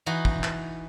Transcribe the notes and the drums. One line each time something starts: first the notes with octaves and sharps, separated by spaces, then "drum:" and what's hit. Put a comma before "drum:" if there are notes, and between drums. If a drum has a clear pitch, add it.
E3 D#4 F#4
drum: kick
drum: clap